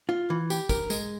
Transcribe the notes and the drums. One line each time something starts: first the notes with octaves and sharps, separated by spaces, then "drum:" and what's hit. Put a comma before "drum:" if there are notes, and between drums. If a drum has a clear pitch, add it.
F4
E3
G4, drum: tambourine
A#4, drum: kick, tambourine
G#3, drum: tambourine